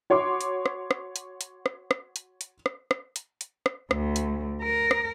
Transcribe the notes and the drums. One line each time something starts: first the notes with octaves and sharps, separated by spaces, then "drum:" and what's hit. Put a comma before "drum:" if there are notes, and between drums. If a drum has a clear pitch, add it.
F#4 C#5 C6 D6
drum: hi-hat
drum: rim click
drum: rim click
drum: hi-hat
drum: hi-hat
drum: rim click
drum: rim click
drum: hi-hat
drum: hi-hat
drum: rim click
drum: rim click
drum: hi-hat
drum: hi-hat
drum: rim click
D2, drum: rim click
drum: hi-hat
A#4
drum: rim click